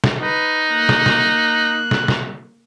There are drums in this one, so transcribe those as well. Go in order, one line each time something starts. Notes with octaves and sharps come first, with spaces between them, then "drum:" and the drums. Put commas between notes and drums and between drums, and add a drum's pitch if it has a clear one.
drum: snare
D#4 B4
A#3 F#6
drum: snare
drum: snare
drum: snare
drum: snare